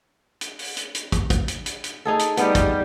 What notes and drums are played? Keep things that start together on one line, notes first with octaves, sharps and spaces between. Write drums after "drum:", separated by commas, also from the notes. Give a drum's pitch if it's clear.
drum: hi-hat
drum: open hi-hat
drum: hi-hat
drum: hi-hat
drum: kick, hi-hat
drum: kick, hi-hat
drum: hi-hat
drum: hi-hat
drum: hi-hat
D#4 G#4 A4
drum: hi-hat
G3 B3 D#4, drum: hi-hat
drum: kick, hi-hat